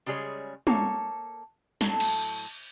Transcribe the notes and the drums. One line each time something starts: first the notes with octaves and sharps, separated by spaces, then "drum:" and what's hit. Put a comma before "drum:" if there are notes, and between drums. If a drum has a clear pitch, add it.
C#3 G3 G#3 G#4 C#5
A#3 A4 C#5, drum: tom
A2 F#3 A4, drum: snare
drum: cymbal